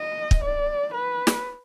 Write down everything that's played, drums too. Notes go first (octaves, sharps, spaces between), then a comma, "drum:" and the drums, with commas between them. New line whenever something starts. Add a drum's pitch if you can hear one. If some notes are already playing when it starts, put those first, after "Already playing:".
Already playing: D#5
drum: kick
D5
B4
drum: snare